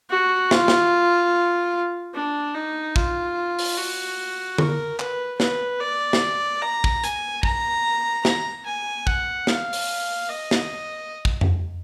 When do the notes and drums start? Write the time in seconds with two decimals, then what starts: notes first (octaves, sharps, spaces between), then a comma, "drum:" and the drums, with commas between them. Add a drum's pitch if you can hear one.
0.10 F#4
0.51 F4, drum: snare
0.68 drum: snare
2.15 D4
2.55 D#4
2.96 F4, drum: kick
3.59 drum: open hi-hat
3.77 F#4
4.58 A#4, drum: tom D3
4.99 B4, drum: clap
5.40 B4, drum: snare
5.80 D5
6.13 drum: snare
6.62 A#5
6.84 drum: kick
7.04 G#5, drum: hi-hat
7.43 A#5, drum: kick
8.25 A#5, drum: snare
8.66 G#5
9.07 F#5, drum: kick
9.47 F5, drum: snare
9.73 drum: open hi-hat
10.29 D#5
10.51 drum: snare
11.25 drum: kick
11.41 drum: tom F2